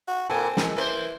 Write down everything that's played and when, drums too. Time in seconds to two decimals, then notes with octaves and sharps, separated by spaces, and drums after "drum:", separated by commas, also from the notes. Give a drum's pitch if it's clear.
0.08 F#4
0.30 A#2 A#3 C4 A4 G#5
0.57 E3 G#3, drum: snare
0.76 E3 A#3 B4 C5